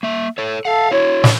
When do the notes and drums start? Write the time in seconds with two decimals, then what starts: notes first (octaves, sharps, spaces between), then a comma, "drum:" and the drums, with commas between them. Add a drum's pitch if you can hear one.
0.03 A#3 E5
0.38 A4 C#5
0.65 A4 F5 F#5
0.92 E4 F#4 C#5
1.24 drum: snare